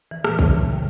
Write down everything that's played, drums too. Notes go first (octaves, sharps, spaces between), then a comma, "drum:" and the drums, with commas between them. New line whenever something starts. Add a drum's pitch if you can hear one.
E3
A#2, drum: rim click
C#3, drum: kick
G3